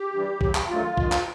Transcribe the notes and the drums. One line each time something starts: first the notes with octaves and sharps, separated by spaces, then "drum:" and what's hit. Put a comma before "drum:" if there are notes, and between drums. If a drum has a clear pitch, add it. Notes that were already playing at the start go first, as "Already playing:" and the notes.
Already playing: G4
G2 E3 G3
E2 C#3 F#3, drum: kick
drum: clap
G2 D#3 F#3 A3 F4
G2 D#3 G#3, drum: kick
drum: clap